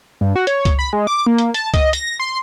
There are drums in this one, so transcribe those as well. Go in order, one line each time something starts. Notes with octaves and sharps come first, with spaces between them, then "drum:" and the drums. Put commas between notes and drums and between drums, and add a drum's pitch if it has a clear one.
G2
F#4
C#5, drum: hi-hat
drum: kick C#2, hi-hat
B5
G#3
D6
A#3
drum: hi-hat
A5, drum: hi-hat
D#5, drum: kick C#2, hi-hat
A#6, drum: hi-hat
C6